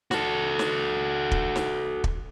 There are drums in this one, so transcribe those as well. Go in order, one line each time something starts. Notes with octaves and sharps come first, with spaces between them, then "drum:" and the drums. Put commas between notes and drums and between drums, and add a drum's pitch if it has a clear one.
F#4 A4, drum: snare
drum: snare
drum: kick
drum: snare
drum: kick